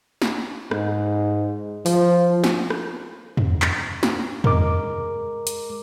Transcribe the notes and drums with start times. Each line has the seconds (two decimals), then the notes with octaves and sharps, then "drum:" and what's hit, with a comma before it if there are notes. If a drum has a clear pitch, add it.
0.22 drum: snare
0.71 G#2, drum: rim click
1.86 F3, drum: open hi-hat
2.44 drum: snare
2.70 drum: rim click
3.37 drum: tom
3.62 drum: clap
4.03 drum: snare
4.44 G#3 A#4 D6, drum: tom
5.47 drum: hi-hat